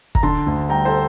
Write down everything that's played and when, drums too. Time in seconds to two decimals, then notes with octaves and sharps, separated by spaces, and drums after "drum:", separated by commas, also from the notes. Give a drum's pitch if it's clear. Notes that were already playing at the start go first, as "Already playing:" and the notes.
0.15 A#5, drum: kick
0.23 D3 A5 C6
0.47 D2
0.69 G3 G5 A#5
0.85 A4 C5